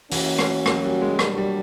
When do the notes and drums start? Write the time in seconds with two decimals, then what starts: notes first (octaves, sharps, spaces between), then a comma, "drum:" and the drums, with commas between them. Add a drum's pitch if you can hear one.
0.11 E3 A#3 C#4 F#4, drum: open hi-hat
0.39 drum: rim click
0.66 F#3, drum: rim click
0.84 G3
1.02 G#3
1.19 B2 F#3 G3 A#3 D4, drum: rim click
1.38 G3